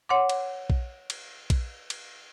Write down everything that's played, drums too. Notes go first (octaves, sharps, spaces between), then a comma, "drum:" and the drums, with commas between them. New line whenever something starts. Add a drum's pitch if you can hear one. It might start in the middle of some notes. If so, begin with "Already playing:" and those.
C#5 F#5 C6 D6
drum: cymbal
drum: kick A#1
drum: cymbal
drum: kick A#1, cymbal
drum: cymbal